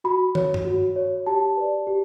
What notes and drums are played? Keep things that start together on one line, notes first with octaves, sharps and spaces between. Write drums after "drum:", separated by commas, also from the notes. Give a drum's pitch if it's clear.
F#4 B5
C#5, drum: tom
drum: tom G2
F#4
C#5
G4 A5
B4 D5
G4